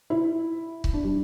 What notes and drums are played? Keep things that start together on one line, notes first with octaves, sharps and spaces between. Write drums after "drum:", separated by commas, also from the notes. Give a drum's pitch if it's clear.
E4
drum: kick C#1
D4
G3